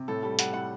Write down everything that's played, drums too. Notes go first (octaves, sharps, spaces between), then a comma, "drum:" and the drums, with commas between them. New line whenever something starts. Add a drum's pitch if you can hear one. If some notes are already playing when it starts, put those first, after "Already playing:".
Already playing: C3
A2 A4
G3 A4
G3 F#5, drum: hi-hat
A2 F#5